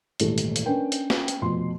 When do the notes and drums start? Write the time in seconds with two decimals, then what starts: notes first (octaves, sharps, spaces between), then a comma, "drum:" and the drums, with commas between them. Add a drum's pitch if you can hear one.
0.20 D#1 G#1 E3 A3 E4 G4, drum: hi-hat
0.38 drum: hi-hat
0.56 drum: hi-hat
0.66 C#4 D4 A#4 B4 G5
0.92 drum: hi-hat
1.10 drum: snare
1.28 drum: hi-hat
1.41 F1 F2 B2 C6